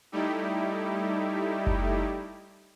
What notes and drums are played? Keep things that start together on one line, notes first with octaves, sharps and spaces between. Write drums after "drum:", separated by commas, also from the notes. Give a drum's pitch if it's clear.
G3 A3 D#4 E4 G4
drum: kick F#1